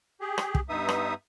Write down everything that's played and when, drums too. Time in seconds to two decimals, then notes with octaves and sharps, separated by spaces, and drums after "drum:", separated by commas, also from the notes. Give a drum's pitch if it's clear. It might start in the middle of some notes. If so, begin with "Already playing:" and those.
0.21 G4 G#4
0.38 drum: rim click
0.55 drum: kick
0.69 G2 B3 D#4 E5 D#6
0.89 drum: rim click